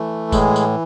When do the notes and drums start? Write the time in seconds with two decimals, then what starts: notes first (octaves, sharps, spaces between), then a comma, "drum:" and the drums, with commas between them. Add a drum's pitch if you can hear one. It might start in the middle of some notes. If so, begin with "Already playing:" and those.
Already playing: E3 A3
0.32 A2 G#3, drum: kick, tambourine
0.56 drum: tambourine